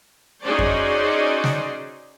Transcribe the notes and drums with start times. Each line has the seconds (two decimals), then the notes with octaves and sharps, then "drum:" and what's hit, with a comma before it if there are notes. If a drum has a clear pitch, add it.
0.41 C#4 D#4 F#4 G#4 C5 D5
0.59 drum: kick F2
1.44 drum: snare